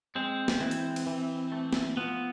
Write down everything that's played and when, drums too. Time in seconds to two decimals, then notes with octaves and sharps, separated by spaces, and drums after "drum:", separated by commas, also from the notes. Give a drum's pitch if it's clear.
0.16 G#3 C4
0.48 drum: snare
0.60 E3
0.71 drum: hi-hat
0.96 drum: cymbal
1.07 E3
1.52 A3
1.73 drum: snare
1.97 F3 B3